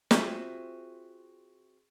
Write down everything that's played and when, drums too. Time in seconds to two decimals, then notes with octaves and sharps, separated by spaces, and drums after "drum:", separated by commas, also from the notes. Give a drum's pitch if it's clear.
0.11 C4 F4 F#4 G#4 C5 E5, drum: snare